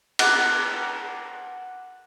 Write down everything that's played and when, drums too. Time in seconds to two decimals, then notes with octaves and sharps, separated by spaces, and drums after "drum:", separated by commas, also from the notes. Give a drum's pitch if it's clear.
0.19 F#5 D6, drum: cymbal